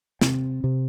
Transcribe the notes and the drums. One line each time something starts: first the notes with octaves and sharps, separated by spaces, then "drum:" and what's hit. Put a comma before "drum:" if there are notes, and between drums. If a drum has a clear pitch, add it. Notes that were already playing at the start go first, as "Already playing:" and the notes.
C3 C4, drum: snare
C3